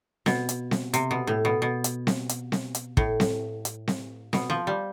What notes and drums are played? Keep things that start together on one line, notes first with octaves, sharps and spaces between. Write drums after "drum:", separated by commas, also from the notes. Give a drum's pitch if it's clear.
B2, drum: snare C4
drum: hi-hat
drum: snare C4
C3, drum: hi-hat
B2
A2
B2
B2
drum: hi-hat
drum: snare C4
drum: hi-hat
drum: snare C4
drum: hi-hat
A2, drum: kick
drum: snare C4
drum: hi-hat
drum: snare C4
B2, drum: snare C4
F3
G3